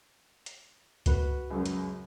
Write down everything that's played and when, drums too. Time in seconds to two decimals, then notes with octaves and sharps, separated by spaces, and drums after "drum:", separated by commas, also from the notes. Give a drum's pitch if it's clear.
0.46 drum: hi-hat
1.06 F#4 B4, drum: kick C#2, hi-hat
1.51 C#2 F#2 F#3
1.66 drum: hi-hat